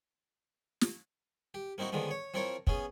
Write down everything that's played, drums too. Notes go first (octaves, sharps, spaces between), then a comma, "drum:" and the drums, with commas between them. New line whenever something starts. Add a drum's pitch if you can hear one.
drum: snare
G4
A#3 C4 D#4 E4 F#4
D3 D#3 F3 G#3 B3
C#5
F3 C4 E4 F4 A#4 C#5
B3 C#4 G#4, drum: kick